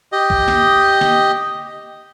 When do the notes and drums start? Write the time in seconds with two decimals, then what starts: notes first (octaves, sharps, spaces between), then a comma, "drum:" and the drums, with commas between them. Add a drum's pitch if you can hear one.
0.12 G4 D#5
0.30 drum: kick
0.48 drum: snare
1.01 drum: snare